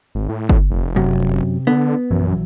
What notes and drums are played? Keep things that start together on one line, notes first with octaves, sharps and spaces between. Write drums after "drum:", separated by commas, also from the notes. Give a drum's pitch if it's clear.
G#1
A2
drum: kick G1
F1
F#2 C3
D3 B3
A#1 F#2 E3 F#3